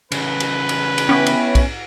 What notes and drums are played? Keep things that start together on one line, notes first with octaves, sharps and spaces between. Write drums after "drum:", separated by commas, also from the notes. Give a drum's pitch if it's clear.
C#3 E3 B4, drum: cymbal
drum: cymbal
drum: cymbal
drum: cymbal
B3 C#4 E4 G4
drum: cymbal
drum: kick, cymbal